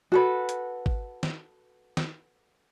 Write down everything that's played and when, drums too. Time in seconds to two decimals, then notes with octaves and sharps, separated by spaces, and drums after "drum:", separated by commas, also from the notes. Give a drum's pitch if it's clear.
0.12 F#4 A4 B4
0.49 drum: hi-hat
0.86 drum: kick
1.23 drum: snare
1.97 drum: snare